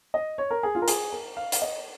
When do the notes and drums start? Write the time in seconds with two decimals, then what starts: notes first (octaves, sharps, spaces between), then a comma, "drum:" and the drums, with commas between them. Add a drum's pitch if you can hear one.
0.14 D#5
0.38 C#5
0.51 A#4
0.63 G#4
0.75 F4
0.82 A#4
0.88 G#4, drum: hi-hat
1.13 A#4
1.37 F5
1.52 F5, drum: hi-hat
1.62 D#5